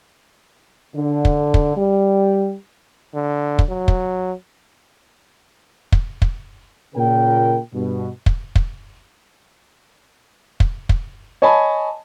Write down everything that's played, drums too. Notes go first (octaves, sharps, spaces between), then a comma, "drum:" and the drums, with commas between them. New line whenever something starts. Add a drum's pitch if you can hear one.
D3
drum: kick
drum: kick
G3
D3
drum: kick
F#3
drum: kick
drum: kick
drum: kick
A#2 C#3 A#4 G5
G2 B2
drum: kick
drum: kick
drum: kick
drum: kick
C#5 D#5 G#5 A5 B5